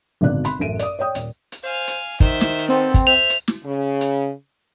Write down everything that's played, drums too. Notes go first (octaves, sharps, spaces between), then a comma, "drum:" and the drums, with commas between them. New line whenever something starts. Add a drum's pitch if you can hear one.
G#1 B2 D3 D5 F#6
B5 C6, drum: hi-hat
A1 F#2 A4 D7 D#7
D5 D#6, drum: hi-hat
C#5 D5 G5 D#6
D#1 D5, drum: hi-hat
drum: hi-hat
C5 F5 G#5
drum: hi-hat
D#3 C5 E5, drum: kick, hi-hat
drum: snare
drum: hi-hat
B3 C4 A4
drum: kick, hi-hat
C5 E5 F7
drum: hi-hat
drum: snare
C#3
drum: hi-hat